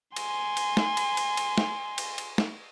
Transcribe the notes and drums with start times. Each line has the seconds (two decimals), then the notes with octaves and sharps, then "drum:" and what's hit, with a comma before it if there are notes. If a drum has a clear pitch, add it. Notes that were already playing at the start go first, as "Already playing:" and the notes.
0.16 G#5 C6, drum: cymbal
0.57 drum: cymbal
0.77 drum: snare
0.97 drum: cymbal
1.17 drum: cymbal
1.37 drum: cymbal
1.58 drum: snare
1.98 drum: cymbal
2.18 drum: cymbal
2.38 drum: snare